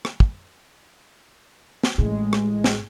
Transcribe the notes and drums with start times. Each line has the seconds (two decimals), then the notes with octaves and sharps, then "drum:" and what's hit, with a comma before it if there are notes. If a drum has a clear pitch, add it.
0.05 drum: rim click
0.20 drum: kick
1.84 drum: snare
1.98 A1 A2 G#3
2.33 drum: rim click
2.64 drum: snare